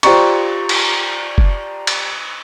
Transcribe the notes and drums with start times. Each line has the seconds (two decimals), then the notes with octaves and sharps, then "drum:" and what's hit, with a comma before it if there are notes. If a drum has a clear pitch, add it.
0.03 F4 G4 C5 D5 A#5 C#6, drum: cymbal
0.69 drum: cymbal
1.38 drum: kick F#1
1.87 drum: cymbal